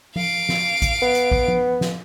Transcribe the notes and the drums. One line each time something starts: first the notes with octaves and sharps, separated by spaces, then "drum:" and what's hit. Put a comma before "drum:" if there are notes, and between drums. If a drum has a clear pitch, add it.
F5 D7, drum: tom F3
drum: snare
drum: kick A1, hi-hat
B3
drum: hi-hat
drum: kick A1
drum: tom F3
drum: snare